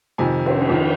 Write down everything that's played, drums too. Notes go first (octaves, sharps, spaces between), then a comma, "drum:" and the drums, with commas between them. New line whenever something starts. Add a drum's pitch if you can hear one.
F2 C3 D#3 G#5
drum: cymbal
F2 D#3